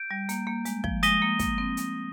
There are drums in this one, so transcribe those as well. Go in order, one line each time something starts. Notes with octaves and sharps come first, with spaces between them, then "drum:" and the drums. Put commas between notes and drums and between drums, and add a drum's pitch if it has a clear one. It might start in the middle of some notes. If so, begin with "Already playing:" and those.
Already playing: G6 D7
G3
A#3, drum: hi-hat
A#3
G#3, drum: hi-hat
F3, drum: kick
G#3 D#6 A#6 D#7 G7, drum: hi-hat
A#3
A#3, drum: kick, hi-hat
C4
drum: hi-hat